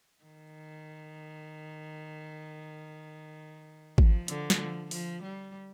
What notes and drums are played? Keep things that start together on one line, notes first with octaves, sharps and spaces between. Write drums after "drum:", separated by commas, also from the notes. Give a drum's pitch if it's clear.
D#3
F3, drum: kick G#1
D3, drum: hi-hat
drum: snare
F3
F3, drum: open hi-hat
G3